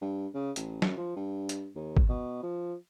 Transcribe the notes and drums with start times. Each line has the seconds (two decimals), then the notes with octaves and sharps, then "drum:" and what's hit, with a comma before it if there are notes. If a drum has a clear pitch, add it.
0.01 G2
0.34 C#3
0.56 A1, drum: hi-hat
0.82 F#2, drum: snare
0.97 F3
1.16 G2
1.49 drum: hi-hat
1.75 D#2
1.97 drum: kick
2.09 B2
2.43 F3